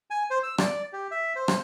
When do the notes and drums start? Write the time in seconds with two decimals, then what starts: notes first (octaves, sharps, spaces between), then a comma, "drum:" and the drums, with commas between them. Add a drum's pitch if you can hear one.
0.10 G#5
0.30 C5
0.43 E6
0.58 D5, drum: rim click
0.93 G4
1.11 E5
1.36 C5
1.48 drum: rim click